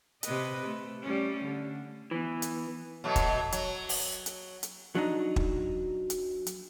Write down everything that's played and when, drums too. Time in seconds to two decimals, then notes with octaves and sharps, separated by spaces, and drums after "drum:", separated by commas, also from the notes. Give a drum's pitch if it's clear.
0.23 C3 B4 D#5, drum: hi-hat
0.66 A3
1.02 G3 A3 C#4
1.44 D3
2.11 E3 B3
2.42 drum: hi-hat
3.04 B2 F#3 A3
3.16 drum: kick, hi-hat
3.52 F#3, drum: hi-hat
3.89 drum: open hi-hat
4.26 drum: hi-hat
4.63 drum: hi-hat
4.95 F#3 D4 D#4
5.36 drum: kick
6.10 drum: hi-hat
6.47 drum: hi-hat